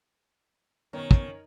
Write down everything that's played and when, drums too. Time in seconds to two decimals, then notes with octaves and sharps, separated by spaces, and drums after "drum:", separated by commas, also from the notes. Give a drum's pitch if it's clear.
0.93 B2 D#3 B3 C#4 A#4 C#5
1.11 drum: kick